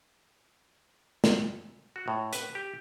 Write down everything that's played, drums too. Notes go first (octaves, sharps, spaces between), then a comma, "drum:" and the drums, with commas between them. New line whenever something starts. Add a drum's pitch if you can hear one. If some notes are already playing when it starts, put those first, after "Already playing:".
drum: snare
F#4
A2
B4, drum: hi-hat
G4